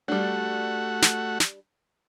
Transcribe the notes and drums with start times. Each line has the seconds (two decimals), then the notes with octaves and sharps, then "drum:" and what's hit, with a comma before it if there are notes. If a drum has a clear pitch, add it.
0.08 G3 A3 D4 F#4 F#5
1.02 drum: snare
1.40 drum: snare